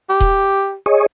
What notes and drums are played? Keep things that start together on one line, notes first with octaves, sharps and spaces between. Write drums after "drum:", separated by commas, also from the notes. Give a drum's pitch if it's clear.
G4
drum: kick D#1
G#4 C#5 D#5